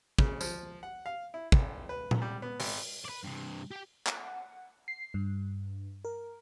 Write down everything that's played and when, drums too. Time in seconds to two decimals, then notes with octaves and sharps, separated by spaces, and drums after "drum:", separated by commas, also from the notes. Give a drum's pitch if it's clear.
0.18 C#3, drum: kick
0.41 F3, drum: tambourine
0.83 F#5
1.06 F5
1.34 E4
1.52 G#1, drum: kick
1.89 B4
2.11 drum: tom A#2
2.22 G3
2.42 B3
2.60 G#1, drum: open hi-hat
3.05 B4 D5
3.24 G2 C3
3.71 G4 G5
4.07 F#5, drum: clap
4.88 C7
5.14 G2
6.05 A#4